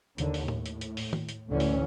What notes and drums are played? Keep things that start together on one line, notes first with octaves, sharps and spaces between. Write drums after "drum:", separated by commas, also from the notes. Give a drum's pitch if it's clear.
D#2 D3, drum: hi-hat
drum: open hi-hat
A2, drum: tom A2
drum: hi-hat
drum: hi-hat
drum: open hi-hat
drum: tom D#3
drum: hi-hat
A1 D2 D3 E3 C#4
drum: open hi-hat